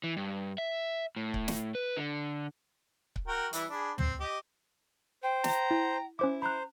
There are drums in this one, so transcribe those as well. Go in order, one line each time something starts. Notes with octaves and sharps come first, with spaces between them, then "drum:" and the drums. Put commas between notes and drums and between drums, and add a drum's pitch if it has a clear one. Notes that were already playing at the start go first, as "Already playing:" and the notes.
E3
G2
E5
A2
drum: kick C#1
drum: snare
B4
D3
drum: kick C#1
F#4 A#4 G5
E3 G3 E4, drum: hi-hat
D4 G#4 B5
C4, drum: tom
G4 D#5
C5 G5
A#5, drum: snare
E4
C#4 E4 C5 D6
C5 A#5 B5 F#6